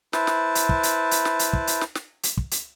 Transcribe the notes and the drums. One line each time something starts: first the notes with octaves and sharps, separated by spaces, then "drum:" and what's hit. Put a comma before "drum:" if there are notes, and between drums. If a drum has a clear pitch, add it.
E4 B4 C5 A5, drum: snare
drum: snare
drum: hi-hat
drum: kick
drum: hi-hat
drum: hi-hat
drum: snare
drum: hi-hat
drum: kick
drum: hi-hat
drum: snare
drum: snare
drum: hi-hat
drum: kick
drum: hi-hat